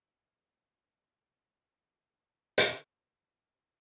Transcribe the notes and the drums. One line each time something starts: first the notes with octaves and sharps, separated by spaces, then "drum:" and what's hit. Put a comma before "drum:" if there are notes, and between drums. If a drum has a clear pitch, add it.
F#3
G#3
F#3
D#3
B2
drum: hi-hat